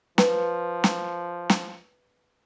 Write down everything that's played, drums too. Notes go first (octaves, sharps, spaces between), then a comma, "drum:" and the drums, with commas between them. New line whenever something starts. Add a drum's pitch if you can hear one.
F3 B4, drum: snare
drum: snare
drum: snare